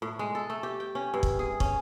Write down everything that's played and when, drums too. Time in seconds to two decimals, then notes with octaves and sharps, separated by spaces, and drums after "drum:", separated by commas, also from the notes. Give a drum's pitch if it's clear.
0.02 A2
0.19 G#3
0.35 A4
0.50 A3
0.63 G4
0.80 G5
0.95 C#4
1.14 G2
1.23 drum: kick
1.39 G#4
1.60 C#4, drum: kick